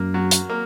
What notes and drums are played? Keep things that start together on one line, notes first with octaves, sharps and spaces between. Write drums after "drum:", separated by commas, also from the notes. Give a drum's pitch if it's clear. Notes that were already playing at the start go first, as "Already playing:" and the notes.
Already playing: F#2 A#3
F#3
drum: hi-hat
A#3